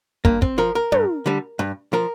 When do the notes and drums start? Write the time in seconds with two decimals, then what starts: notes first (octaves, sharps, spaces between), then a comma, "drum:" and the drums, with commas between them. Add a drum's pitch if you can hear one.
0.25 G2 A#3, drum: kick
0.42 C4, drum: kick
0.58 F3 A#4
0.75 A#4
0.92 G2, drum: tom
1.26 D3 G3
1.59 G2
1.93 F3 A#4